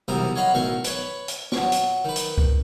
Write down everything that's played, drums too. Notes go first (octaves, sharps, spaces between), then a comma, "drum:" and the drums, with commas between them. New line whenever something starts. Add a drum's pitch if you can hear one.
B1 C3 E3 G3 A#4 D#6
C#5 D#5 F5 F#5 B5
B1 A2 D#3 F5 C#6
B4 C#5, drum: hi-hat
drum: hi-hat
F#3 C#6, drum: snare
drum: hi-hat
D#3 B4
drum: hi-hat
drum: kick C#2